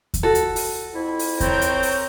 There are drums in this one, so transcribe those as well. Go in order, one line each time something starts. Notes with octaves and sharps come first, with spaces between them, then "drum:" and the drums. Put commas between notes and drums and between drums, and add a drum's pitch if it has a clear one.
drum: kick D#2, hi-hat
F#4 A4
drum: hi-hat
drum: open hi-hat
F2 E4
drum: open hi-hat
C4 A#4 C#5 G6, drum: kick D#2, hi-hat
drum: hi-hat
drum: open hi-hat